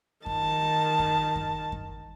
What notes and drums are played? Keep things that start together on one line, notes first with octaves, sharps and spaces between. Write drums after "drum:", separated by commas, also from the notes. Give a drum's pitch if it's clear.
D#3 A5, drum: kick F#2
drum: kick F#2
drum: kick F#2
drum: kick F#2